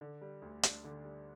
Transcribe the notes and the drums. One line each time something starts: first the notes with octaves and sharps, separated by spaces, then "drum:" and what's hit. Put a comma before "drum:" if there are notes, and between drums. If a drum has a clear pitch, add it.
D3
G3
D2
D4, drum: hi-hat
D3
G3